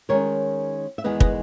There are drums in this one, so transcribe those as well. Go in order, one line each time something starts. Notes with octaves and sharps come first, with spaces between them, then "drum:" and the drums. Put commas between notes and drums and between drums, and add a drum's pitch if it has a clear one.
D#3 G#3 C#4 A#4 C#5
E5
E2 D#3 G#3 B3 B4 D#5
B4 D#5, drum: kick